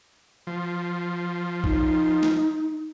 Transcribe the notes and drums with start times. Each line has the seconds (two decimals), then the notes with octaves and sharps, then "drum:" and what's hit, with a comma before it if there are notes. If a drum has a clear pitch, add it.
0.47 F3
1.64 D#4, drum: kick A#1
2.23 drum: snare